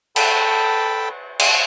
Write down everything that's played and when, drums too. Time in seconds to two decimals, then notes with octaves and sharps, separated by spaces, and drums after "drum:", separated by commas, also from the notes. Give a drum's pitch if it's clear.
0.16 A4 G5 A5 B5, drum: cymbal
1.39 drum: cymbal